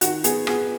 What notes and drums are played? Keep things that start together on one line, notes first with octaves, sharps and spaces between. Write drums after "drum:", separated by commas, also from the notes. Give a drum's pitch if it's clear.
D#3 F#4, drum: hi-hat
B3 G#4, drum: hi-hat
B3 G#4, drum: rim click